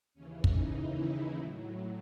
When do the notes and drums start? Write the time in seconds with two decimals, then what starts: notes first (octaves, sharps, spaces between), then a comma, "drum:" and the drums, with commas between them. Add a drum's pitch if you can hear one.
0.14 D#2 C#3 E3 C#4
0.44 D#4, drum: kick
0.74 E4
1.34 A2 F#3